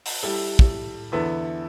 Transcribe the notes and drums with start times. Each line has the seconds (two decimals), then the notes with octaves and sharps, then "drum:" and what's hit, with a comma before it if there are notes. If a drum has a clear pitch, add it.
0.06 drum: open hi-hat
0.23 G3 E4 A4
0.59 drum: kick
1.12 E2 D3 B3 E4 A4